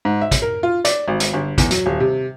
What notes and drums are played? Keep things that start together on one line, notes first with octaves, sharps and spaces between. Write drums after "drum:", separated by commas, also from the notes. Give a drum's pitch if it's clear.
G#2
E5
drum: kick, hi-hat
A#4
F4
D5, drum: hi-hat
G#1
drum: hi-hat
G1
E2, drum: kick, hi-hat
F#3, drum: hi-hat
D#1
C3